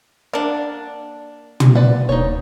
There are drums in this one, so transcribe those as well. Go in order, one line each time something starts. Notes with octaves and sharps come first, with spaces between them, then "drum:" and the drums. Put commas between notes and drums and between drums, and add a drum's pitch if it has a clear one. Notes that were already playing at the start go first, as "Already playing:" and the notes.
A#3 D4 F#5
drum: tom
A#3 B4 D5 F#5
D#1 D#4 C#5